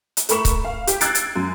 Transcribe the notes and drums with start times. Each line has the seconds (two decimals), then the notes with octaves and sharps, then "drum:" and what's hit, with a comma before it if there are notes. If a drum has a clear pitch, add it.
0.17 drum: hi-hat
0.29 A3 A#4 B5 C#6 E7, drum: hi-hat
0.45 drum: kick C#1, hi-hat
0.64 F5
0.87 G4, drum: hi-hat
1.01 E6 F#6 G#6 A6 C7 D7, drum: hi-hat
1.15 drum: hi-hat
1.36 F#2